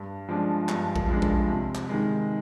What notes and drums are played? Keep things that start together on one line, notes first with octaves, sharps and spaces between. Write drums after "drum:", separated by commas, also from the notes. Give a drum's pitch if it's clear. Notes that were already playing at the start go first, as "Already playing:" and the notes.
Already playing: G2
F3 G#3 D4
G2, drum: clap
drum: kick A#1
F3 G#3 D4
drum: kick A#1
C3
drum: clap
D#3 G#3